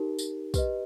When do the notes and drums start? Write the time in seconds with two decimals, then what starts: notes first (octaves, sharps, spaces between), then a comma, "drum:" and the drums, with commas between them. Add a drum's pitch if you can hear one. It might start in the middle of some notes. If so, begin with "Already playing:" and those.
Already playing: D#4 G4 A#4
0.19 drum: tambourine
0.54 G4 B4 D#5, drum: kick, tambourine